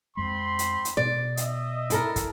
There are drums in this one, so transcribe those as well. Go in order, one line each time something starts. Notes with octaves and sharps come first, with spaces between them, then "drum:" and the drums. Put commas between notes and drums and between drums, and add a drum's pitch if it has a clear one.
F2 G#3 C4 B5 C6
drum: hi-hat
drum: hi-hat
B2 D5
D#5 E5, drum: hi-hat
E4 A4 A#4, drum: hi-hat
drum: kick, hi-hat